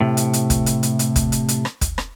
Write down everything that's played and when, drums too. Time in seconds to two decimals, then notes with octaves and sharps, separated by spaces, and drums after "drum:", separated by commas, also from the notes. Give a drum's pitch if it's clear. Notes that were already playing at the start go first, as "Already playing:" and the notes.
0.01 A2 C3
0.17 drum: hi-hat
0.33 drum: hi-hat
0.50 drum: kick, hi-hat
0.66 drum: hi-hat
0.83 drum: hi-hat
0.99 drum: hi-hat
1.16 drum: kick, hi-hat
1.32 drum: hi-hat
1.48 drum: hi-hat
1.65 drum: rim click
1.81 drum: kick, hi-hat
1.98 drum: rim click